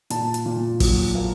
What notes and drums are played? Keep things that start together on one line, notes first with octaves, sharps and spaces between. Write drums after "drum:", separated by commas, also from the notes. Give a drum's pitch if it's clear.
A#2 A5, drum: hi-hat
drum: hi-hat
A#2
F#3, drum: kick, open hi-hat
A#3